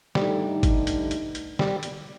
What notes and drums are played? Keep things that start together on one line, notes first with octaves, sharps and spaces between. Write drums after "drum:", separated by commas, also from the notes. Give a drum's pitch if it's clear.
G2 D3 G3 A3 D#4, drum: snare
drum: kick, hi-hat
drum: hi-hat
drum: hi-hat
drum: hi-hat
G3, drum: snare
drum: hi-hat